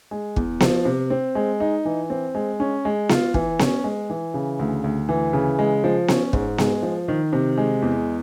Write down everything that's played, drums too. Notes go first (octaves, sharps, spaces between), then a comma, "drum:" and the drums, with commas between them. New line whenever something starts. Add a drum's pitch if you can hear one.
G#3
E2, drum: kick
F3, drum: snare B3
C3
C4
G#3
D#4
E3
C4
G#3
C#4
G#3
F4, drum: snare B3
E3, drum: kick
C#4, drum: snare B3
G#3
E3
C#3
D2
D2
E3
C#3
G#3
F3
C#4, drum: snare B3
G#2, drum: kick
G#3, drum: snare B3
F3
D#3
C3
G#3
E2